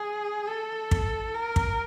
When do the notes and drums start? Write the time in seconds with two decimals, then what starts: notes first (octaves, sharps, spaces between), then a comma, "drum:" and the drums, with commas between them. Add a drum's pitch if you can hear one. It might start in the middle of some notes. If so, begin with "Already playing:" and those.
Already playing: G#4
0.48 A4
0.91 drum: kick
1.35 A#4
1.56 drum: kick